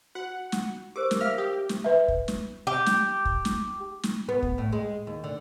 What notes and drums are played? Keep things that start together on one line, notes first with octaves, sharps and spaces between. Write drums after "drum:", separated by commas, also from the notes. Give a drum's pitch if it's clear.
F#4 F#5
drum: snare
G4 A#4 C5 D6
drum: snare
A#4 E5 F5 F6
G4 D#6
drum: snare
B4 E5
drum: kick
drum: snare
G4
drum: snare
drum: kick
drum: snare
drum: snare
B3
drum: kick
A2
G#3
D#2
D3